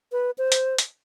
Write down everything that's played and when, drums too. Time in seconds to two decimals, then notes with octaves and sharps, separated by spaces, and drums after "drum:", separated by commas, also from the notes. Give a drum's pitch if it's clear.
0.12 B4
0.38 C5
0.52 drum: hi-hat
0.78 drum: hi-hat